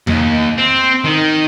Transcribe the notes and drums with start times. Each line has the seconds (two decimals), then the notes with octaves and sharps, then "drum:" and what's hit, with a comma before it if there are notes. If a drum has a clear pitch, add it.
0.07 D#2, drum: tom E2
0.57 C4
1.04 D#3